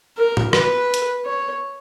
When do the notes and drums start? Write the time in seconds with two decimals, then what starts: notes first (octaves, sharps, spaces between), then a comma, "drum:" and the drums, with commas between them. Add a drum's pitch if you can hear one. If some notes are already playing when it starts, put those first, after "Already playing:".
0.17 A#4
0.37 drum: tom A2
0.53 B4, drum: rim click
0.94 drum: hi-hat
1.26 C#5